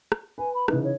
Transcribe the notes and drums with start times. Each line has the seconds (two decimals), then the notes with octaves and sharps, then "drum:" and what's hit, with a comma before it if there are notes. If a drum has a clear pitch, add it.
0.12 drum: rim click
0.38 B4 G#5
0.54 B5
0.68 C#3 E3 D#4 B4, drum: rim click
0.83 C#5